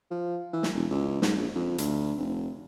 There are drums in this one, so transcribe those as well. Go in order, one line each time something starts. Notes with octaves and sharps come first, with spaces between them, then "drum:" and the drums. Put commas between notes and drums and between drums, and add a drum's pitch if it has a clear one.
F3
E3
drum: snare
E1
C#2
G#2, drum: snare
A#1
F2
D2, drum: hi-hat
F1